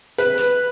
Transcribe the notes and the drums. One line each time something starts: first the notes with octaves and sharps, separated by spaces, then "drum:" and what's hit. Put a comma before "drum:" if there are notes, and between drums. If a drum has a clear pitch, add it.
B4, drum: tambourine
drum: tambourine